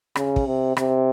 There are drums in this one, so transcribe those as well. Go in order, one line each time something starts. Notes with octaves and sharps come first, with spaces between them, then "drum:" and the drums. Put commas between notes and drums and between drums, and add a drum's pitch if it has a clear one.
C#3, drum: rim click
drum: kick
C3
C3, drum: rim click